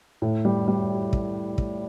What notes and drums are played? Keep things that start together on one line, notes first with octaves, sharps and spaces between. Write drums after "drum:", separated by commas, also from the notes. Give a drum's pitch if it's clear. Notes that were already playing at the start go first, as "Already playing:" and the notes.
A2
G3
G3
G4
drum: kick
drum: kick